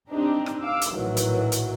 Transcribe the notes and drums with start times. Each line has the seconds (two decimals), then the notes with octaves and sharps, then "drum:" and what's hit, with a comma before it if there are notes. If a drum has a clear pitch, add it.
0.11 C4 D4 D#4 G4 A#5
0.46 drum: rim click
0.61 F5 D6 E6
0.81 drum: hi-hat
0.91 A#1 A2 D#3 E3 F#3
1.17 drum: hi-hat
1.52 drum: hi-hat